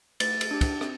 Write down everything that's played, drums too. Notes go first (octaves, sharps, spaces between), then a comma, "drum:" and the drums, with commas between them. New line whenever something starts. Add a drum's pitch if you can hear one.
A3 A6, drum: cymbal
drum: cymbal
D4 G4
drum: kick, cymbal
C4, drum: rim click